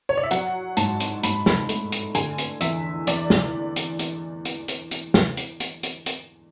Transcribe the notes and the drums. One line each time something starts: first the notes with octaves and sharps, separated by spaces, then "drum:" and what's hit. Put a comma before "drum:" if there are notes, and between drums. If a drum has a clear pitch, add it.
C#5
D5
E5
F#3 F#5, drum: hi-hat
G#2 A5, drum: hi-hat
drum: hi-hat
G#2 B5, drum: hi-hat
drum: snare
A3, drum: hi-hat
drum: hi-hat
D3 G#5, drum: hi-hat
drum: hi-hat
E2 E5, drum: hi-hat
E2 D5, drum: hi-hat
drum: snare
drum: hi-hat
drum: hi-hat
drum: hi-hat
drum: hi-hat
drum: hi-hat
drum: snare
drum: hi-hat
drum: hi-hat
drum: hi-hat
drum: hi-hat